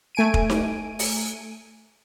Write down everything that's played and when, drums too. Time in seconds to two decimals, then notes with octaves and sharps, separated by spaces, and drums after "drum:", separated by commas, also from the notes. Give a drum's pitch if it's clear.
0.15 A3 G#5 D7 D#7
0.34 drum: kick F1
0.50 drum: snare D#4
0.99 drum: open hi-hat